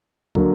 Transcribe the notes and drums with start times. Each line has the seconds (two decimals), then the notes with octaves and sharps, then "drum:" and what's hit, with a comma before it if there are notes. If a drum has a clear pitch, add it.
0.35 D3 F#3 A#3, drum: kick